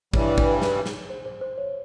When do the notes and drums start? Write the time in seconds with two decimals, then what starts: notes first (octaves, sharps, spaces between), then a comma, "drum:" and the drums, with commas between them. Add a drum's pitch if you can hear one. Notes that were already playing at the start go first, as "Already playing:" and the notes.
0.14 G2 E3 G3 C#5, drum: kick
0.38 drum: kick
0.62 drum: snare
0.86 drum: snare
1.10 C5
1.26 C5
1.41 C5
1.58 C#5